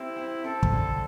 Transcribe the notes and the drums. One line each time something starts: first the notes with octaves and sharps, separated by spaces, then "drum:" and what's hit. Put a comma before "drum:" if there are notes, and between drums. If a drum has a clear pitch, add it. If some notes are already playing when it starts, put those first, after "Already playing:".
Already playing: C4 E4 G4
C4
C4 A4
drum: kick
D3